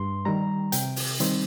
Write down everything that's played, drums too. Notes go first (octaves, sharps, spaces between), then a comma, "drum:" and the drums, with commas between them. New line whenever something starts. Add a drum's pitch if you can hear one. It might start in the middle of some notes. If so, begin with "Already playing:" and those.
Already playing: G2 C6
D#3 G3 A#5
C3 G5, drum: hi-hat
drum: open hi-hat
D#3 G3 C4 D#4, drum: hi-hat